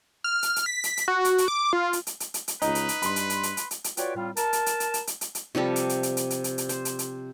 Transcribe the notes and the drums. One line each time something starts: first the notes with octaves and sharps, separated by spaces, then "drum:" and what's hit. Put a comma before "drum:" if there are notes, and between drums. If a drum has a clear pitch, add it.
F6
drum: hi-hat
drum: hi-hat
B6
drum: hi-hat
drum: hi-hat
F#4
drum: hi-hat
drum: hi-hat
D6
F4
drum: hi-hat
drum: hi-hat
drum: hi-hat
drum: hi-hat
drum: hi-hat
C#2 D#4 B4, drum: hi-hat
drum: hi-hat
drum: hi-hat
G2 B5 C6, drum: hi-hat
drum: hi-hat
drum: hi-hat
drum: hi-hat
drum: hi-hat
drum: hi-hat
drum: hi-hat
F4 F#4 B4 C#5 D5 G5, drum: hi-hat
A2 G3 C4 F4
A#4 A5, drum: hi-hat
drum: hi-hat
drum: hi-hat
drum: hi-hat
drum: hi-hat
drum: hi-hat
drum: hi-hat
drum: hi-hat
C3 F3 G3 A4
drum: hi-hat
drum: hi-hat
drum: hi-hat
drum: hi-hat
drum: hi-hat
drum: hi-hat
drum: hi-hat
C5, drum: hi-hat
drum: hi-hat
drum: hi-hat